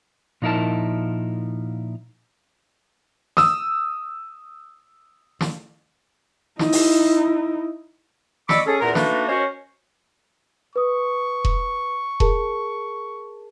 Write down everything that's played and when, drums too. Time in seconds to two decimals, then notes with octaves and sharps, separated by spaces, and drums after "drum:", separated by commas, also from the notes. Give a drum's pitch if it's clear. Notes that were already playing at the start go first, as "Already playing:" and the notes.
0.42 A#2 F3 D#4 E4 A#4 A5
3.37 D#6 E6, drum: snare
5.41 drum: snare
6.59 D#4 E4, drum: snare
6.72 drum: open hi-hat
8.49 D5 D#5 B5 C#6 D6 E6, drum: snare
8.66 C#4 G#4 A4
8.81 E2 A#2 B3 A#4
8.95 A3 A#3 D4 D#4 F#4 B4, drum: snare
9.28 C#4 F#4 A#4 C5 C#5 D#5
10.76 B4 C#6 D#6
11.45 drum: kick E1
12.20 G#4 A#4 A5, drum: kick E1